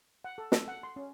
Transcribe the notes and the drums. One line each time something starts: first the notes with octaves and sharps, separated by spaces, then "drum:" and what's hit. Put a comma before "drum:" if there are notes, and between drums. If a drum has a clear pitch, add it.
F#5
A4
A4, drum: snare
F#5
C6
C#4